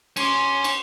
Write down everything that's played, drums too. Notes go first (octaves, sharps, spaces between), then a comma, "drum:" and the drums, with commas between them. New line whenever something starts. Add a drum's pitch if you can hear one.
C#4 C6 D6, drum: cymbal
drum: cymbal